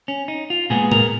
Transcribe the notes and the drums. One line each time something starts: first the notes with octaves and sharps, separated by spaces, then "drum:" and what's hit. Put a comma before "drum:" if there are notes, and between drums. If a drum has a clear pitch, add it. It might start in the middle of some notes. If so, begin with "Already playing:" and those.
C#4
D#4
F4
A#2 G#3 B3 G#4
A#4, drum: tom A2